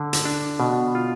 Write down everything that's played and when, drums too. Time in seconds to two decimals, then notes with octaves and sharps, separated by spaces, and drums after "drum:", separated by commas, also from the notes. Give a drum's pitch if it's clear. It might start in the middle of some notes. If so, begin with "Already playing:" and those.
Already playing: D3
0.13 drum: hi-hat
0.25 D4
0.60 B2
0.95 F4